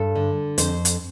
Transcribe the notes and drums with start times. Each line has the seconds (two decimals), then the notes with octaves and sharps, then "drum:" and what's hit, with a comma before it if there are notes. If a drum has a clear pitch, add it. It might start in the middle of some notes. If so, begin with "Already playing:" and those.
Already playing: G2 A4
0.15 D3
0.58 F2 C5, drum: hi-hat
0.85 drum: hi-hat